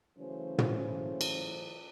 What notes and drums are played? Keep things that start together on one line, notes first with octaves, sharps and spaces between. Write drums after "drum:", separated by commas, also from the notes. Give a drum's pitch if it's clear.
C#3 E3 F#3 A3 C#4 C5
drum: tom
drum: cymbal